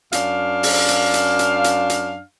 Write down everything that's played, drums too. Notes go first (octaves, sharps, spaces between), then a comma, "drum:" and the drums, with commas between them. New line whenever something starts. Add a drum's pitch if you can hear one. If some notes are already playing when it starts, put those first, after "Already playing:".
F#2 D4 F5, drum: hi-hat
drum: open hi-hat
drum: hi-hat
drum: hi-hat
drum: hi-hat
drum: hi-hat
drum: hi-hat